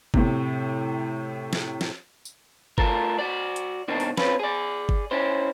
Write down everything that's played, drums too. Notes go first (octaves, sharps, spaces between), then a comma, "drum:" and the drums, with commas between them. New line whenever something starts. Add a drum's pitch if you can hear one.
A2 C3, drum: kick G1
drum: snare
drum: snare
drum: tambourine
A3 F4 A4 A#4, drum: kick G1
F#4 D5
drum: hi-hat
B2 D#3 A#3 C4 D4 D#4
drum: open hi-hat
C4 C#4 F4 B4, drum: snare
G#4 D5
drum: kick G1
C#4 E4 C5